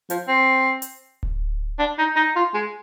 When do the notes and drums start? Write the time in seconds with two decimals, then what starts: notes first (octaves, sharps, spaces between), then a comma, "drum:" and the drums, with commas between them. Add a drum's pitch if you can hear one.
0.10 F3, drum: hi-hat
0.28 C4
0.82 drum: hi-hat
1.23 drum: kick D1
1.79 D4
1.98 D#4
2.16 D#4
2.36 F4
2.54 G#3